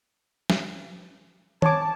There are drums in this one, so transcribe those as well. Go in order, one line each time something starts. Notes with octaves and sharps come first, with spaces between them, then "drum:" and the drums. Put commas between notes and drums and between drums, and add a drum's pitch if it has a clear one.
drum: snare
C#5 A5 D6, drum: tom D#3